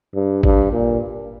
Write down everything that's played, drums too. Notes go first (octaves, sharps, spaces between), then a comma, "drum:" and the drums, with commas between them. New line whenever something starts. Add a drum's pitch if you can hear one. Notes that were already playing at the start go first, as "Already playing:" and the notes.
G2
G2, drum: kick G#1
A#2